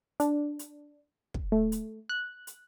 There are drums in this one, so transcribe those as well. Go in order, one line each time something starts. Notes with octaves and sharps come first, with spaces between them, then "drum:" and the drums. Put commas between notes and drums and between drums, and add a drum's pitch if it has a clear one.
D4, drum: hi-hat
drum: hi-hat
drum: kick
A3
drum: hi-hat
F#6
drum: hi-hat